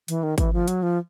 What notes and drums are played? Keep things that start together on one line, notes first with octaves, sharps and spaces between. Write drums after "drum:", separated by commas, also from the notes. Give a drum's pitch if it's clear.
E3, drum: hi-hat
D#3
E3, drum: kick, hi-hat
F3
F#3, drum: hi-hat
F3